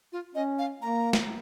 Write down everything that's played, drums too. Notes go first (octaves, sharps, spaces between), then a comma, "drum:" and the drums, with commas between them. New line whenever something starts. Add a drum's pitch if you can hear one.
F4
C#4 D#5
F5
A#3 A#5
drum: snare